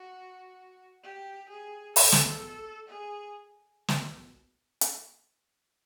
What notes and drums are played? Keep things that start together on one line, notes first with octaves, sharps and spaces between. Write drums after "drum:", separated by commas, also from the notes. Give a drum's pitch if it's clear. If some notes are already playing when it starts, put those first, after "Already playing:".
Already playing: F#4
G4
G#4
A4, drum: open hi-hat
drum: snare
G#4
drum: snare
drum: hi-hat